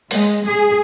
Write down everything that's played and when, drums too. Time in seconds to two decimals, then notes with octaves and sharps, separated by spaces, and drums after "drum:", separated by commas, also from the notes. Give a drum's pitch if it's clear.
0.11 G#3, drum: open hi-hat
0.46 G#4